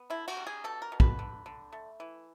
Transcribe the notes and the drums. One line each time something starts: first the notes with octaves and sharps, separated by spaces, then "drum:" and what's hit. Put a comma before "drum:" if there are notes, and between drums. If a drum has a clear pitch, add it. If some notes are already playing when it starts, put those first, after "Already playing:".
Already playing: B3
D3 E4
F#4, drum: cymbal
G3
G#4
B2 A4
A#4
B2
B4, drum: kick
D3
D3
A3
E3